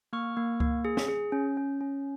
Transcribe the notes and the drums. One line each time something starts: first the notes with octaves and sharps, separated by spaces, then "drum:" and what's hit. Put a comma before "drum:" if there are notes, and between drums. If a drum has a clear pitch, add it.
A#3 C#6 F6
A#3
A#3, drum: kick C#2
G#4
drum: snare
G#4
C#4
C#4
C#4